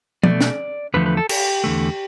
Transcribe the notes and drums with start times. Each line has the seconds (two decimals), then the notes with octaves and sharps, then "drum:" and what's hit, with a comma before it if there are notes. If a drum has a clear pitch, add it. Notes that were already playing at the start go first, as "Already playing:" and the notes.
0.24 B2 A3 D5, drum: tom
0.41 drum: snare
0.94 E2 D3 F3 A3 B4
1.06 B4
1.17 A4
1.29 G4, drum: cymbal
1.64 E2 D3 A3